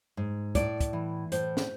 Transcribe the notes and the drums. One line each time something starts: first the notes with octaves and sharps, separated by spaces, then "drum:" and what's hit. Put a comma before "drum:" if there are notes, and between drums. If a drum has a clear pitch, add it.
G#2
A2 D5, drum: kick, hi-hat
drum: kick, hi-hat
E3
A2 C5, drum: hi-hat
drum: snare